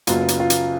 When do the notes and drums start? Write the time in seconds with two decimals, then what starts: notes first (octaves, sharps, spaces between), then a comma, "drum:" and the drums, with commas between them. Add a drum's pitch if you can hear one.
0.07 F#1 F#2 C#3 F#3 B3 F4, drum: hi-hat
0.28 drum: hi-hat
0.40 F4
0.50 drum: hi-hat